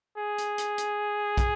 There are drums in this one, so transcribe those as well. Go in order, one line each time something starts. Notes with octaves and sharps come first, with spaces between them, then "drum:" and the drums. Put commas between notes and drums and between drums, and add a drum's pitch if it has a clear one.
G#4
drum: hi-hat
drum: hi-hat
drum: hi-hat
drum: kick, hi-hat